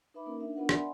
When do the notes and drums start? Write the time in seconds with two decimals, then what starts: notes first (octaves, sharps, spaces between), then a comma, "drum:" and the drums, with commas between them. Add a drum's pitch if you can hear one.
0.14 D#4 B4 E5 B5 D6
0.26 A#3 C#4 D#4 A#4
0.41 D4 D#4 E5
0.56 B3 D4 F4 A#4 B4 F#5
0.69 D5 E5 F#5 G#5 B5 C6, drum: rim click